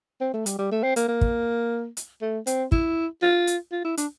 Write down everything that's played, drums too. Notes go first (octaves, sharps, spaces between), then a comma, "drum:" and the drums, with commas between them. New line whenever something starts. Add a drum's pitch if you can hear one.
C4
A3
G3, drum: hi-hat
G3
A3
C4
A#3, drum: hi-hat
A#3
drum: kick
drum: hi-hat
A3
C4, drum: hi-hat
E4, drum: kick
F4
drum: hi-hat
F4
E4
D4, drum: hi-hat